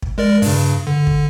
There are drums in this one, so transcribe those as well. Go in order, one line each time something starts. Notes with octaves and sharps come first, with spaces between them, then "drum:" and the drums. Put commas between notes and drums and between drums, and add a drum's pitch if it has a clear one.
drum: kick
G#3 A#4 D5
G2 C#3, drum: open hi-hat
D3
drum: kick